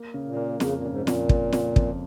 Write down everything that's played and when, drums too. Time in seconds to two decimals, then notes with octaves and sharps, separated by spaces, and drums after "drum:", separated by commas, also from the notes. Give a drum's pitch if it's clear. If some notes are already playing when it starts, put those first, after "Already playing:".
Already playing: A#3
0.14 C#3
0.25 A#2
0.36 A#3
0.60 F2 C#3, drum: snare
0.73 A#2
0.84 G#2 C#3
1.02 A#2
1.07 F2, drum: snare
1.29 C#3, drum: kick
1.52 F2, drum: snare
1.76 F2, drum: kick